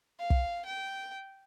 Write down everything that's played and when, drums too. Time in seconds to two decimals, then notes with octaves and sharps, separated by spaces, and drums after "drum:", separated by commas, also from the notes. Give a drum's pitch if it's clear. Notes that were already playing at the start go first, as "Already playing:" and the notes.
0.19 F5
0.30 drum: kick
0.65 G5